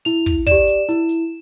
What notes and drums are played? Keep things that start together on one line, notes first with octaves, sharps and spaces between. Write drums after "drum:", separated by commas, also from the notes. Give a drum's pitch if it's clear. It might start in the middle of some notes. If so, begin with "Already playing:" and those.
E4 F7, drum: hi-hat
drum: kick, hi-hat
G4 D5 E7, drum: kick, hi-hat
drum: hi-hat
E4, drum: hi-hat
drum: hi-hat